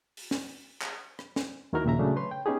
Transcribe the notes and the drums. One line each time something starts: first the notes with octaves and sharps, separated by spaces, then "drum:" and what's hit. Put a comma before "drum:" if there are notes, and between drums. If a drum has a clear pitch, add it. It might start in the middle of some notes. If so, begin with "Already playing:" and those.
drum: open hi-hat
drum: snare
drum: clap
drum: rim click
drum: snare
D#2 D#3 E4 F#4 A#4
D#2 A#2 C#3 E5 A#5
C#3 F#3 A3 D4
B4 C#5 C6
G5
B3 C#4 D#4 G4 G#4